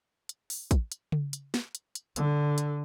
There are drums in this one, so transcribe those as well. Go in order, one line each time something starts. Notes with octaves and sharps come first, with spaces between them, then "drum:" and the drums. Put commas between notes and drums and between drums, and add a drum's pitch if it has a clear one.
drum: hi-hat
drum: open hi-hat
drum: kick, hi-hat
drum: hi-hat
drum: tom C#3
drum: hi-hat
drum: snare
drum: hi-hat
drum: hi-hat
D3, drum: hi-hat
drum: hi-hat